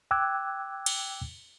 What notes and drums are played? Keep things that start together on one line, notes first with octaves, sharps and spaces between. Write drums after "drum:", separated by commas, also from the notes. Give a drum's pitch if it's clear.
G5 D6 E6 F#6 G#6
drum: cymbal